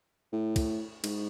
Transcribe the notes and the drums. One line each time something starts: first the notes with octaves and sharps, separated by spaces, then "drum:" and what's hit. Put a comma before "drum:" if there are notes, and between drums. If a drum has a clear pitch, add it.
A2
drum: kick, cymbal
G#2, drum: cymbal